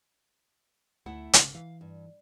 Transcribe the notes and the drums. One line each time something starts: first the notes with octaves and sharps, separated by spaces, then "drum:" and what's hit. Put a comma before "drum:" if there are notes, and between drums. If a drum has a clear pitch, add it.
D2 A3 E4 F#5
C#3, drum: hi-hat
E3 F5
G2